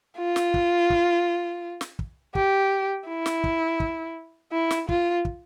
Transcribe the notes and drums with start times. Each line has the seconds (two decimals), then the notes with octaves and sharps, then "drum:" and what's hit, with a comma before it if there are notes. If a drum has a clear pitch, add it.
0.18 F4
0.36 drum: snare
0.54 drum: kick
0.90 drum: kick
1.81 drum: snare
1.99 drum: kick
2.35 G4, drum: kick
3.08 E4
3.26 drum: snare
3.44 drum: kick
3.80 drum: kick
4.52 E4
4.71 drum: snare
4.89 F4, drum: kick
5.25 drum: kick